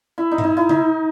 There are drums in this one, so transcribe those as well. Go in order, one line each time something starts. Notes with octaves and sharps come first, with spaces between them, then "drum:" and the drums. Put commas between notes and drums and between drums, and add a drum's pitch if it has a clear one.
E4
D#4
E4, drum: tom G2
D#4
E4
D#4, drum: tom C#3